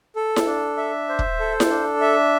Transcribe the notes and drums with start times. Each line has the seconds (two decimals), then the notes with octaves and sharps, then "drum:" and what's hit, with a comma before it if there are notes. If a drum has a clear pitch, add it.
0.16 A4
0.36 drum: snare E4
0.46 D4
0.77 E5
1.09 C5
1.19 drum: kick
1.40 A4
1.60 drum: snare E4
1.70 D4
2.01 E5